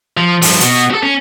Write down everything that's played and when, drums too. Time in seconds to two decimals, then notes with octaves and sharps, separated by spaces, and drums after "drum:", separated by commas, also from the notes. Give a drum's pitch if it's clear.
0.17 F3
0.42 G2 F3, drum: open hi-hat
0.60 B2 F#4, drum: hi-hat
0.91 F#4 A4
1.03 C#4